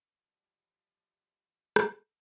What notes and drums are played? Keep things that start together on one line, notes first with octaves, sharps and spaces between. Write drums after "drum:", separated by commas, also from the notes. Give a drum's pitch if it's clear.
E3 F3 G3
drum: rim click